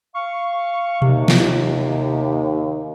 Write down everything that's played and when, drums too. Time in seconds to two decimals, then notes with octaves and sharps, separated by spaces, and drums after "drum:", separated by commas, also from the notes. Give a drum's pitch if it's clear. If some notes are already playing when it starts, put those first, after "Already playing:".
0.15 F5 C#6
1.02 D#2 C3, drum: tom B2
1.28 drum: snare